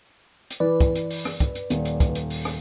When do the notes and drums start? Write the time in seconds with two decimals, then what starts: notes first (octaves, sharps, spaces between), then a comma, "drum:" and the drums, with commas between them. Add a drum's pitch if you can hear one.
0.51 drum: hi-hat
0.60 E3 B4 D5
0.80 drum: kick, hi-hat
0.95 drum: hi-hat
1.10 drum: open hi-hat
1.25 drum: rim click
1.40 drum: kick, hi-hat
1.55 drum: hi-hat
1.70 D#1, drum: hi-hat
1.85 drum: hi-hat
2.00 drum: kick, hi-hat
2.15 drum: hi-hat
2.30 drum: open hi-hat
2.45 drum: rim click